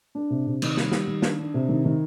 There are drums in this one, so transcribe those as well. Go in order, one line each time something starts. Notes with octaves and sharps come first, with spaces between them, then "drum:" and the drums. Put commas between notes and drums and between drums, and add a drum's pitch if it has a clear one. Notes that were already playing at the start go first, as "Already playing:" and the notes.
D4
C3
C3
D#3, drum: cymbal
G3, drum: snare
G3, drum: snare
D#3
D4, drum: snare
D4
C3
D#3
D#3